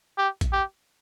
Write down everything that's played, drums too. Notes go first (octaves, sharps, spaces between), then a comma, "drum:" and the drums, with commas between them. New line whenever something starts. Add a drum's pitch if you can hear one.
G4
drum: kick A#1, hi-hat
G4